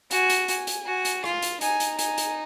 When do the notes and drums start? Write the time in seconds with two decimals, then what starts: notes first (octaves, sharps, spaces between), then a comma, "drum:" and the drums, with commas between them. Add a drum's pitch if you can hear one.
0.11 F#4 G#5, drum: hi-hat
0.30 drum: hi-hat
0.48 G#5, drum: hi-hat
0.67 drum: hi-hat
0.86 F#4
1.05 drum: hi-hat
1.24 F4, drum: rim click
1.42 drum: hi-hat
1.61 D#4 G#5, drum: hi-hat
1.80 drum: hi-hat
1.99 G#5, drum: hi-hat
2.18 drum: hi-hat